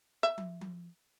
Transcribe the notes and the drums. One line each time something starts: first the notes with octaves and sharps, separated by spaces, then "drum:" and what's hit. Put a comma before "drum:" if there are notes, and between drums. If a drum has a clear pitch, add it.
E5
drum: tom F3
drum: tom F3